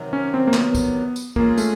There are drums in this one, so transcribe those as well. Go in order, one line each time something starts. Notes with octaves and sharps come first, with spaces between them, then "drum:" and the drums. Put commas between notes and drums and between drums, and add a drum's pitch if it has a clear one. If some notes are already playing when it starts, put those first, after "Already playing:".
Already playing: C3 D#3 F#3
C#4
C4
A#3
B3, drum: clap
drum: kick, tambourine
drum: tambourine
G#3 A#3 C#4 F4 G#4, drum: kick
A3, drum: tambourine